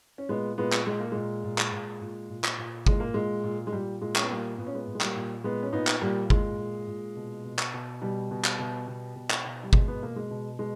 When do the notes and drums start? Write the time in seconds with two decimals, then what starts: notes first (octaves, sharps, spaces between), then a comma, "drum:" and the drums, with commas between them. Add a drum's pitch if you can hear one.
0.18 C#4
0.29 A#2 G#3 B3
0.58 A#2 G#3 B3
0.73 drum: clap
0.87 A#2 G#3
1.00 A#3
1.12 A#2 G#3
1.44 A#2
1.58 drum: clap
1.72 A#2
2.01 A#2
2.30 A#2
2.44 drum: clap
2.58 A#2
2.86 A#2 G#3, drum: kick G1
3.00 A#3
3.14 A#2 G#3
3.44 A#2
3.67 G#3
3.73 A#2 G3
4.01 A#2 G#3
4.16 C#4, drum: clap
4.22 B3
4.30 A#2 G3 A#3
4.58 A#2 B3
4.67 C#4
4.74 G#3 B3
4.87 A#2
4.95 G#3
5.01 G3 A#3, drum: clap
5.16 A#2
5.44 A#2 G#3 B3
5.63 C#4
5.73 A#2 B3 D#4
5.87 drum: clap
6.01 A#2 G3 A#3
6.30 A#2 G#3, drum: kick G1
6.59 A#2
6.87 A#2
7.16 B2
7.44 B2
7.59 drum: clap
7.74 B2
8.02 B2 G3
8.31 B2
8.45 drum: clap
8.59 B2
8.88 B2
9.16 B2
9.30 drum: clap
9.45 B2
9.63 G3
9.73 B2 G#3, drum: kick G1
9.88 B3
10.02 B2 A#3
10.16 G#3
10.31 B2
10.59 B2 G#3